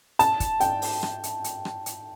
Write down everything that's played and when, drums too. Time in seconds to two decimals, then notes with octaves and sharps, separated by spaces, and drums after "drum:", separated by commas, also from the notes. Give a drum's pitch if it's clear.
0.19 A5, drum: hi-hat
0.40 drum: kick, hi-hat
0.60 G5, drum: hi-hat
0.82 drum: open hi-hat
1.03 drum: rim click
1.23 drum: hi-hat
1.44 drum: hi-hat
1.65 drum: rim click
1.86 drum: hi-hat